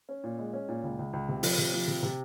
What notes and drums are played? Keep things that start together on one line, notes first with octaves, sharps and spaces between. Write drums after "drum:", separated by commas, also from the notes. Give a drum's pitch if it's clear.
C#4
A#2
G#3
C#4
A#2
C#2
C#2
C#2
C3
F3, drum: open hi-hat
C3
F3
C3
C3